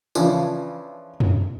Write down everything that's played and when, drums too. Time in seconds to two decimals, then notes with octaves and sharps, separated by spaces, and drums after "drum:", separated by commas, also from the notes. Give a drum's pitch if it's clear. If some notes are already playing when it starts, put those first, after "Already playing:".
0.15 C#3 E3 F3 D4, drum: tambourine
1.20 drum: tom F2